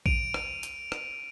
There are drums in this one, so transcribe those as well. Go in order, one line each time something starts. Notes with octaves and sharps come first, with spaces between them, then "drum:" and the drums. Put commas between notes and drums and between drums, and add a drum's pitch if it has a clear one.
D7 D#7 F7, drum: kick A#1
drum: rim click
drum: hi-hat
drum: rim click